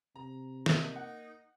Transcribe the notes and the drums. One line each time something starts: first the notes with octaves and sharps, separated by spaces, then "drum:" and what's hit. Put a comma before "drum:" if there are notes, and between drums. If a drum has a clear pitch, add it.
C3 A#5
A#3 D#4 E5, drum: snare
F#5